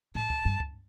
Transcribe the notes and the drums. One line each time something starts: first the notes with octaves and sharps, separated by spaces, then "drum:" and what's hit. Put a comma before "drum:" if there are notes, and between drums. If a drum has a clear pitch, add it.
A2 A5
drum: kick
G2
drum: kick